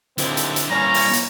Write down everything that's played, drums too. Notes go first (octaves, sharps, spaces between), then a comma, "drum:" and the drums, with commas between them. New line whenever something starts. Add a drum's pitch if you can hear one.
D#2 D3 C4 E4, drum: hi-hat
drum: hi-hat
drum: hi-hat
E3 G3 A#3 C#4 A#5
drum: open hi-hat
drum: hi-hat